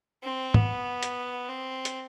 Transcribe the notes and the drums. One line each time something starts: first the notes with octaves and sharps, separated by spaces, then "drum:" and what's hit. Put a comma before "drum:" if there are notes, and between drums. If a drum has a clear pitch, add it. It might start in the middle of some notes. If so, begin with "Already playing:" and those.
C4
B3, drum: tom
drum: hi-hat
C4
drum: hi-hat